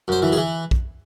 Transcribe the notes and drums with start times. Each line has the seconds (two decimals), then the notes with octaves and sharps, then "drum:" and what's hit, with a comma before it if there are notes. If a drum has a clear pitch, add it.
0.08 F#2 C5
0.22 E3
0.32 G#4
0.37 E3
0.71 drum: kick